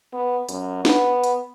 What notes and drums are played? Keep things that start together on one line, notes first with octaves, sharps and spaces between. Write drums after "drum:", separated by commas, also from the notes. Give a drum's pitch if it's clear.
B3
F#2, drum: hi-hat
B3, drum: snare
drum: hi-hat